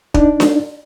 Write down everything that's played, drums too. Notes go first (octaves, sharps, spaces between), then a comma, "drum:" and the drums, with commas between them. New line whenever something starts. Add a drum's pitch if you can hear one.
D4 D#4, drum: kick
drum: snare D4